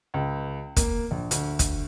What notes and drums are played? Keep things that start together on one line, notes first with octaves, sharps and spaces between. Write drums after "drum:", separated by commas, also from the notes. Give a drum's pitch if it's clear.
C#2
A#3, drum: kick, hi-hat
A#1
D2, drum: hi-hat
drum: kick, hi-hat